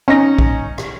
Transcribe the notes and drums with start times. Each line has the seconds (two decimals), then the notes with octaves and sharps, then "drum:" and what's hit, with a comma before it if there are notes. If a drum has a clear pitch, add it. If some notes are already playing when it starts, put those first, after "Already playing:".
0.08 C#4 D#4 A#6
0.39 drum: kick A#1
0.78 drum: rim click